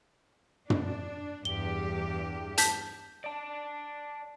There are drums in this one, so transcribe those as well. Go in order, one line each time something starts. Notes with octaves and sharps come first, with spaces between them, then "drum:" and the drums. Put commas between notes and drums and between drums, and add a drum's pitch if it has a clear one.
D4, drum: tom
E2 G2 G4 G7
A5 G6 B6, drum: hi-hat
D5 A5